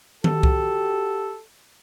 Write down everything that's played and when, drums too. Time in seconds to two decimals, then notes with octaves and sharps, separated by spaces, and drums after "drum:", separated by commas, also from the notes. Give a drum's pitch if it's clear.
0.24 F#4 G4 A4, drum: tom D#3
0.43 drum: kick C2